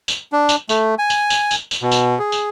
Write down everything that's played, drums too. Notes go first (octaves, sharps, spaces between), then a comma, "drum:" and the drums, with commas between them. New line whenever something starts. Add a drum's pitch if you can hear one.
drum: tambourine
D4
drum: tambourine
A3, drum: tambourine
G#5
drum: tambourine
drum: tambourine
drum: tambourine
drum: tambourine
B2
drum: tambourine
G#4
drum: tambourine